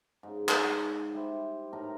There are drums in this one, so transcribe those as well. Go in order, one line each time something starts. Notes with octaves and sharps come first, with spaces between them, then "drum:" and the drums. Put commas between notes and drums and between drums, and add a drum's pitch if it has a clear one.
G#2 C#3
drum: clap
G#5
G3 E4 C5 E5
A2 D#4 A#4 A#5